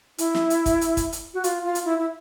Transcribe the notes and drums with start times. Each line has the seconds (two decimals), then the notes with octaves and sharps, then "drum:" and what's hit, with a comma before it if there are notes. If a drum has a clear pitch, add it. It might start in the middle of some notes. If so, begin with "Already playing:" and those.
0.18 E4, drum: hi-hat
0.35 drum: snare
0.50 drum: hi-hat
0.66 drum: kick, hi-hat
0.81 drum: hi-hat
0.97 drum: kick, hi-hat
1.13 drum: hi-hat
1.34 F#4
1.44 F4, drum: hi-hat
1.64 F4
1.75 drum: hi-hat
1.85 E4
1.99 E4